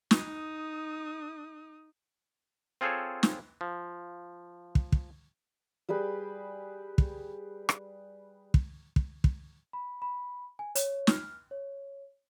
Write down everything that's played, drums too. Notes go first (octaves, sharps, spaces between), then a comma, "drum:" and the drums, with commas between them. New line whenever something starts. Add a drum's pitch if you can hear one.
D#4 D#6, drum: snare
C4 F4 G#4 A4 C5 C#5
drum: snare
F3
drum: kick
drum: kick
G3 G4 G#4 B4
drum: kick
drum: rim click
drum: kick
drum: kick
drum: kick
B5
B5
G#5
C#5, drum: hi-hat
F6, drum: snare
C#5